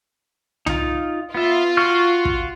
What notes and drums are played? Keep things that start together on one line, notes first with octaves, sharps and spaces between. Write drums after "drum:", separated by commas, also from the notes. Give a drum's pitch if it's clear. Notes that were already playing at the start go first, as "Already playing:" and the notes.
D#4 F4, drum: tom C2
B3 F4 E5
F#4 C#6 F6
drum: kick